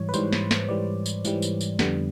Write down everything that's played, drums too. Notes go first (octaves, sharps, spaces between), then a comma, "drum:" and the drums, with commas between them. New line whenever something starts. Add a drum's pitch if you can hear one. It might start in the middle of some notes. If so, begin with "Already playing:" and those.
Already playing: G#2 E3 G3 C#5
B4
G#2 E3 G3 C5, drum: tambourine
drum: snare
drum: snare
G#2 E3 G3 D5
drum: tambourine
G#2 E3 G3, drum: tambourine
drum: tambourine
drum: tambourine
F2 D3 G3 B3, drum: snare